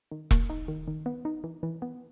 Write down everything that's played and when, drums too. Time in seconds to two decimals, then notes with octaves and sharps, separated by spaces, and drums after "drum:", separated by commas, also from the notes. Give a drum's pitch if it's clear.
0.11 D#3
0.31 A#3, drum: kick E1
0.50 D#4
0.68 D#3
0.88 D#3
1.06 B3
1.25 D#4
1.44 E3
1.63 E3
1.82 B3